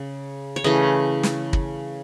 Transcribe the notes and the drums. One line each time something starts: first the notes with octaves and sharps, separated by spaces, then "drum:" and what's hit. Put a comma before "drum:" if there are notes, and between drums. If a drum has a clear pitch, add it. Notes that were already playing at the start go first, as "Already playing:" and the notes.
Already playing: C#3
C#5
C#3 E3 A3 D#5
drum: snare
drum: kick